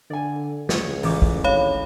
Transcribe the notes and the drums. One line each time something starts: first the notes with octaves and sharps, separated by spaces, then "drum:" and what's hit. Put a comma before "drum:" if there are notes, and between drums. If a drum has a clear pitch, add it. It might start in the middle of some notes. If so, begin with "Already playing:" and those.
D3 D5 G#5
C#2 C#5 D5, drum: snare
A1 D6, drum: open hi-hat
drum: kick
G#1 C#5 F5 B5